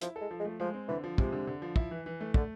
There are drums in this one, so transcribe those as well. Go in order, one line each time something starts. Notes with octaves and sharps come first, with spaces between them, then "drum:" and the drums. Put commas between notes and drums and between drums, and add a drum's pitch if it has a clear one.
F3 E4, drum: hi-hat
A4
G#3
F3
G#3
A3
F3 G#3
C4
D3 E3
F3
C3 G#3, drum: kick
D3
D3
F3
E4, drum: kick
E3
E3
A3
D3 A3, drum: kick